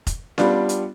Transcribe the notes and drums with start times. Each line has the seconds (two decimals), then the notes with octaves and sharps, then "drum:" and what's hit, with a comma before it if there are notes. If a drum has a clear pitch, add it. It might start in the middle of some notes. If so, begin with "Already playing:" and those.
0.07 drum: kick F1, hi-hat
0.38 G3 B3 D4 F4, drum: snare C#4
0.69 drum: hi-hat